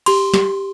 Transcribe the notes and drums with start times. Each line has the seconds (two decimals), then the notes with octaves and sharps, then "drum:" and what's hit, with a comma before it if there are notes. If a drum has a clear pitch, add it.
0.06 G4 C6, drum: cymbal
0.34 G4, drum: snare